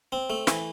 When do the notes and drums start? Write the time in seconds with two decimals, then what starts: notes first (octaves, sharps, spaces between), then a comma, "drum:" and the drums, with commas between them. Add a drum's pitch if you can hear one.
0.12 C4
0.30 A3
0.47 E3, drum: snare